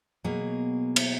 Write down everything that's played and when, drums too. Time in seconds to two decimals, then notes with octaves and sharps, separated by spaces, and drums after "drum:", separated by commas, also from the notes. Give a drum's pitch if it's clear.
0.24 B2 F#3 A#3 G#4
0.96 drum: cymbal